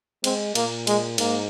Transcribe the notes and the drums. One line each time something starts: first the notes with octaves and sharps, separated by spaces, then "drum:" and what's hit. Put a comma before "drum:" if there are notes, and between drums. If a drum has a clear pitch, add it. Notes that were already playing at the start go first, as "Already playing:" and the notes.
G#3 C4, drum: cymbal
A#2 A#3, drum: cymbal
G#3, drum: cymbal
G#2 A#3, drum: cymbal